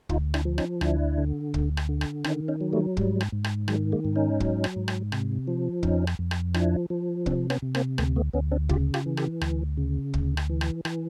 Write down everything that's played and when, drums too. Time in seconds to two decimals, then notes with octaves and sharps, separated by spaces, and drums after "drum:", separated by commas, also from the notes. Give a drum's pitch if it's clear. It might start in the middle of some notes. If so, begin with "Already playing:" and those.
0.09 D2 D#4 F4, drum: kick
0.34 D4 E4, drum: rim click
0.45 F3
0.58 C#4 D#4, drum: rim click
0.81 D2 D4 E4, drum: rim click
1.18 D3
1.54 D2, drum: kick
1.77 drum: rim click
1.89 D3
2.01 drum: rim click
2.24 D#3 C#4 D#4, drum: rim click
2.48 C#4 D#4
2.61 F#3
2.73 G3 A3
2.97 G#2 G3, drum: kick
3.21 drum: rim click
3.32 G#2
3.44 drum: rim click
3.68 D#3 F#3 G#3, drum: rim click
3.92 G#3 A#3
4.05 G#2
4.16 C#4 D#4
4.40 F#3, drum: kick
4.64 drum: rim click
4.76 G#2
4.88 drum: rim click
5.12 C3, drum: rim click
5.48 F3
5.83 F2 C#4 D#4, drum: kick
6.07 drum: rim click
6.19 F2
6.31 drum: rim click
6.54 F3 D4 E4, drum: rim click
6.90 F3
7.26 C3 C4 D4, drum: kick
7.50 B3 C#4, drum: rim click
7.62 C3
7.75 A#3 C4, drum: rim click
7.98 D2 A3 B3, drum: rim click
8.16 A3 B3
8.33 D2 B3 C#4
8.51 C4 D4
8.69 C#3 F4 G4, drum: kick
8.94 F4 G4, drum: rim click
9.06 E3
9.17 G4 A4, drum: rim click
9.41 D2, drum: rim click
9.77 C#3
10.14 D2, drum: kick
10.37 drum: rim click
10.49 E3
10.61 drum: rim click
10.85 E3, drum: rim click